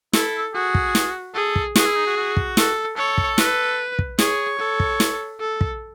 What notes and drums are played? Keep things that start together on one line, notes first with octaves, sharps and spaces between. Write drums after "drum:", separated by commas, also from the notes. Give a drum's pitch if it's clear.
E4 A4, drum: snare
F#4 G#4
drum: kick
drum: snare
G#4 A4
drum: kick
F#4 G#4, drum: snare
E4
D#4
F#4
F#4
drum: kick
A4, drum: snare
A4 C#5
drum: kick
B4, drum: snare
drum: kick
G#4 C#5, drum: snare
A4
drum: kick
drum: snare
A4
drum: kick